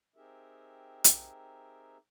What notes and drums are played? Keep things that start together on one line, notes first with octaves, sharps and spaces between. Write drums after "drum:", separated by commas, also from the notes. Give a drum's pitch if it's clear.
C4 D#4 G4 G#4 A#4 E5
drum: hi-hat